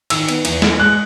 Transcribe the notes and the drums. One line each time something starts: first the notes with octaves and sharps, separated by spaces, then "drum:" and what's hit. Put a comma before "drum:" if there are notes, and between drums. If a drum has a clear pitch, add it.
D#3 E6, drum: cymbal
B3, drum: cymbal
E2, drum: cymbal
G#3, drum: snare
G#3 F#6